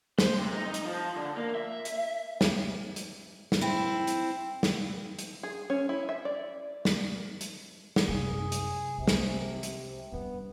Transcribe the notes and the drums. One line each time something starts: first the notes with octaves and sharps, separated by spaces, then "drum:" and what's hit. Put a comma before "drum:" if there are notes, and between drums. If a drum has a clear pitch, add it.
C5, drum: snare
C3
D#4
drum: hi-hat
F3
D3
A#3
E5
drum: hi-hat
drum: snare
drum: hi-hat
drum: snare
C4 E4
drum: hi-hat
drum: snare
drum: hi-hat
G#4
C#4
E4
E5
D5
drum: snare
drum: hi-hat
drum: snare
F#2 C3 G#4
drum: hi-hat
C2 C3
drum: snare
drum: hi-hat
G3 B3 D4